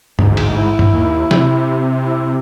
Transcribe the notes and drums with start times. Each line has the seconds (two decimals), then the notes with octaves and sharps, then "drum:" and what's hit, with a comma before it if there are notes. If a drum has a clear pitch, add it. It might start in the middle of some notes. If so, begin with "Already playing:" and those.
0.19 A1 D2 G#2, drum: tom G2
0.37 drum: cymbal
0.55 E4
0.79 drum: tom G2
0.94 D#2
1.31 C3, drum: snare
2.01 E4